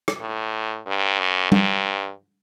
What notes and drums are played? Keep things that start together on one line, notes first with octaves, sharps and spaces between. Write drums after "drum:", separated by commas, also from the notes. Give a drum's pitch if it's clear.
drum: rim click
A2
G2
F#2
G2, drum: tom